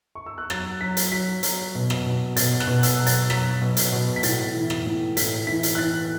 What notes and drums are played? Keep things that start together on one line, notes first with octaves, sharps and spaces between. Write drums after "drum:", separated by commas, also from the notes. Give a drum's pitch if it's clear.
C#6
E6
F#6
F#3 A6, drum: rim click
F#3 B6
drum: hi-hat
F#3 B6
F#3, drum: hi-hat
B2
drum: rim click
B2
B2 A6, drum: hi-hat
F#6, drum: rim click
B2
E6, drum: hi-hat
F#3
A6, drum: hi-hat
F#3 B6, drum: rim click
B2
drum: hi-hat
B2
B6
A2 A6, drum: hi-hat
E3
drum: rim click
A2
A2 B6, drum: hi-hat
E3 B6
drum: hi-hat
F#6
E3 A6